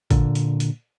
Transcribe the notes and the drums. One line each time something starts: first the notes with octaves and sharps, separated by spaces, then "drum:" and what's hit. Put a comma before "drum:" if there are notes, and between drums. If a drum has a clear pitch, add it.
A#2 D3, drum: kick A1, hi-hat
drum: hi-hat
drum: hi-hat